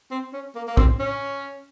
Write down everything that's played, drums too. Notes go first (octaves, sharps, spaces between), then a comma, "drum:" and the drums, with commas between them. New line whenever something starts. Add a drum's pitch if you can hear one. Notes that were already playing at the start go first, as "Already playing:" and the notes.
C4
C#4
A#3
A#3
C4, drum: kick
C#4